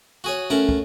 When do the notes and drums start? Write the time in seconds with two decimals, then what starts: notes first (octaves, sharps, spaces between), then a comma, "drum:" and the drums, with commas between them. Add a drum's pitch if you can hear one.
0.24 F#4 G#4 C#5
0.50 A3 C#4 A#4 F#5
0.69 drum: kick